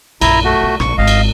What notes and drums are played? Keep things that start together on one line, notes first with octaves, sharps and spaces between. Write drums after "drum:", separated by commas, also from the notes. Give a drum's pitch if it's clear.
A#1 F#2 E4 A#5, drum: cymbal
A3 F#4
B1 F4
A#1 D#4 C#6, drum: rim click
G#1 D#5 F5
drum: cymbal